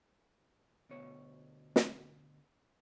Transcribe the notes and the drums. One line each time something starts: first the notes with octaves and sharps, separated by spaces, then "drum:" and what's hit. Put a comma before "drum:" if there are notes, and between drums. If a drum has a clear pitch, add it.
D2 B2 C#5
drum: snare